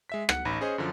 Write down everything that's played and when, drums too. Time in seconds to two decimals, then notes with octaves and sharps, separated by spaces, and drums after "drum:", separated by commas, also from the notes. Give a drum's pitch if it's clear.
0.09 G#3 E5 B6
0.29 F#5 F#6 C#7, drum: rim click
0.45 A1 D#4 B5 A#6
0.61 C#4 G#4 C5 D#5
0.78 F#2 D3 F3